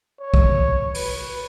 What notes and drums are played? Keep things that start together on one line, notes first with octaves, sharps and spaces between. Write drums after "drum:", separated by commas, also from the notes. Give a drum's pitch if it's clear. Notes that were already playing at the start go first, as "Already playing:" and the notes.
C#5
drum: kick
B4, drum: open hi-hat